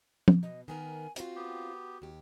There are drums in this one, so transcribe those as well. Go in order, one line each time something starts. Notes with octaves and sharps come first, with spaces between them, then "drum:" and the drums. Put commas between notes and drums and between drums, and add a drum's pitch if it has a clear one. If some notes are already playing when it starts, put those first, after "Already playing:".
drum: tom
B2 D#5
D#3 B3 A#4 G#5
C4 F4 F#4, drum: hi-hat
B3 G4
D#2 G4